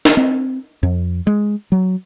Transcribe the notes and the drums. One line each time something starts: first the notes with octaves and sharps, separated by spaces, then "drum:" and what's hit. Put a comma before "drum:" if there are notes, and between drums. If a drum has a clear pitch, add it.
drum: snare
C4
F2
G#3
F#3